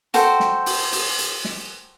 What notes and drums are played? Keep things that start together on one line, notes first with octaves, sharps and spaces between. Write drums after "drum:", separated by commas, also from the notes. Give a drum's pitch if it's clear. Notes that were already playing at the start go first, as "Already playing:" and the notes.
F#4 A4 C5 G5, drum: hi-hat
drum: snare
drum: open hi-hat
drum: open hi-hat
drum: hi-hat
drum: snare